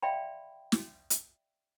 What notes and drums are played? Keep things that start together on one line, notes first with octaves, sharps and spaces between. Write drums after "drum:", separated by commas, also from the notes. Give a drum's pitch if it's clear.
D5 E5 F5 G5 B5 C6
drum: snare
drum: hi-hat